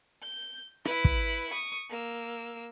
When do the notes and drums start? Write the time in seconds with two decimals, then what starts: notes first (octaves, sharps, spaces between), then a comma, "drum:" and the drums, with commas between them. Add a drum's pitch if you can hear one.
0.22 G6
0.85 E4 B4, drum: rim click
1.05 drum: kick
1.51 C#6 D#6
1.90 A#3 E6